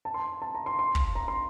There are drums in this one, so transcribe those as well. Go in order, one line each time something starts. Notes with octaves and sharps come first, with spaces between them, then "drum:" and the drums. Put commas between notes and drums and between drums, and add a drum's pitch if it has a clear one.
A5
C6
A5
A#5
C6
C6
drum: kick
A#5
C6